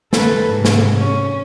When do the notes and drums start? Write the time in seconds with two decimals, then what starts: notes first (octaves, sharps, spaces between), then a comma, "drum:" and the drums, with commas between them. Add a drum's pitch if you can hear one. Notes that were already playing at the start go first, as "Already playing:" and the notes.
0.13 A4 B4, drum: snare
0.50 G#2 C3
0.65 drum: snare
0.97 C#4